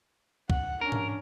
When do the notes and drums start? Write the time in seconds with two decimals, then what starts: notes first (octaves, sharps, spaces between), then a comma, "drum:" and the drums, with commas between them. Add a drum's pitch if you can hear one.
0.50 F#5, drum: kick
0.81 C#4 D4 A#4
0.92 drum: tom G#2